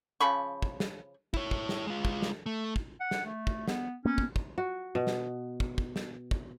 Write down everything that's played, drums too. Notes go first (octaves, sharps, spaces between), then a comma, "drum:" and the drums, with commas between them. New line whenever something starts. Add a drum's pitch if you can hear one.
C#3 F3 B5 C#6
drum: kick
drum: snare
E4 C#5, drum: kick
drum: kick
drum: snare
G#3 F4
drum: kick
drum: snare
A3
drum: kick
F#5
drum: snare
A3
drum: kick
B3, drum: snare
A#3 B3 C#4
drum: kick
drum: kick
F#4
B2
drum: snare
drum: kick
drum: kick
drum: snare
drum: kick